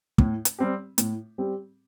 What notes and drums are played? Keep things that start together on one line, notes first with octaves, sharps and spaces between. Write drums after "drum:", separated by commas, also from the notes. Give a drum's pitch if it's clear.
A2, drum: kick
drum: hi-hat
G3 C4 G4
A2, drum: hi-hat
G3 C4 G4